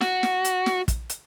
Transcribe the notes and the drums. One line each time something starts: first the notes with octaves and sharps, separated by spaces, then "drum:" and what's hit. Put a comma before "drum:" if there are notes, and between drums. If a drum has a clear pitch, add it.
F#4, drum: snare
drum: snare
drum: hi-hat
drum: snare
drum: kick, hi-hat
drum: hi-hat